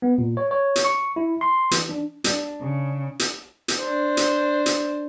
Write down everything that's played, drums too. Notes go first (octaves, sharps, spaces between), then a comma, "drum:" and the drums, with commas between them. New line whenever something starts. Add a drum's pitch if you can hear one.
B3
A#2
C#5
C#5
drum: hi-hat
C#6
E4
C6
E3, drum: hi-hat
D4
D4, drum: hi-hat
C#3
drum: hi-hat
drum: hi-hat
D4 C5
drum: hi-hat
drum: hi-hat